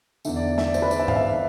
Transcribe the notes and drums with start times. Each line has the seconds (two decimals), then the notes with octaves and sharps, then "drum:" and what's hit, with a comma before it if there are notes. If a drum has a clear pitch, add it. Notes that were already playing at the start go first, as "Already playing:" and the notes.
0.25 E2 D3 E5, drum: tambourine
0.36 D5
0.58 E5, drum: snare
0.67 D5
0.74 C5, drum: tambourine
0.82 B4
0.91 D5, drum: tambourine
0.99 E5
1.08 F5, drum: tom G#2
1.16 E5